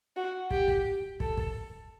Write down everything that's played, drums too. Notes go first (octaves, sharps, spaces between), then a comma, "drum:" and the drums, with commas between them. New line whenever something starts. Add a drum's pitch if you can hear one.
F#4
G4, drum: kick
drum: kick
A4, drum: kick
drum: kick